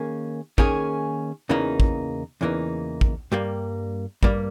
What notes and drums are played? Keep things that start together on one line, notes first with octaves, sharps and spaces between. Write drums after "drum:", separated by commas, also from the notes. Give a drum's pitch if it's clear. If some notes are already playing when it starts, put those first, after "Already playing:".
Already playing: D#3 A#3 C#4 G#4
D#3 A#3 C#4 G#4, drum: kick
E2 C#3 E3 A#3 D#4
drum: kick
E2 C#3 E3 A#3 D#4
drum: kick
G2 G3 A#3
G2 G3 A#3, drum: kick